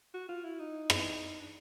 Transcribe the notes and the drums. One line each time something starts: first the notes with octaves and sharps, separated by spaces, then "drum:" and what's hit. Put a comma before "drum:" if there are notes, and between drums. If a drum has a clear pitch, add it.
F#4
F4
E4
D#4
drum: rim click
D4